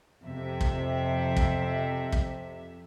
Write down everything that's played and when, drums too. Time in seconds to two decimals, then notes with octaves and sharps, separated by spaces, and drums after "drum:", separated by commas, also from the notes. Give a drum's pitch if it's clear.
0.23 F2 C3 E5
0.61 drum: kick
1.37 drum: kick
2.12 drum: kick